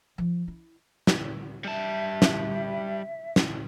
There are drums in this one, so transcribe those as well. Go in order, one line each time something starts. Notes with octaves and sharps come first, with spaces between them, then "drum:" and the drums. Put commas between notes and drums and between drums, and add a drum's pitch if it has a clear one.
F3
E4
drum: snare
G3 E5 A5
drum: snare
drum: snare